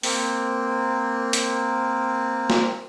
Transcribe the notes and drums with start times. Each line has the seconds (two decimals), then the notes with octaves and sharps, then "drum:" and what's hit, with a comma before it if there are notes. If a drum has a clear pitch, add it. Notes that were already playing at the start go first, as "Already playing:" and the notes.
0.03 A#3 C4, drum: open hi-hat
1.33 drum: hi-hat
2.50 drum: snare